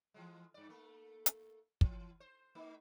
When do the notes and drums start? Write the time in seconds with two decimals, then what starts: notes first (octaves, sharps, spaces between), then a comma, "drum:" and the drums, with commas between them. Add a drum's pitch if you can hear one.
0.14 E3 F3 G#3
0.54 G2 D5
0.69 A3 A#3
1.26 drum: hi-hat
1.81 E3, drum: kick
2.20 C5
2.55 A3 D#4